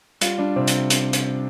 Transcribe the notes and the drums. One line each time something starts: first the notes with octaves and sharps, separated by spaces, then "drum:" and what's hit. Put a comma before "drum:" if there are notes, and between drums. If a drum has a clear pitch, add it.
G3 F4, drum: hi-hat
G3 D4
C3 C4
drum: hi-hat
drum: hi-hat
drum: hi-hat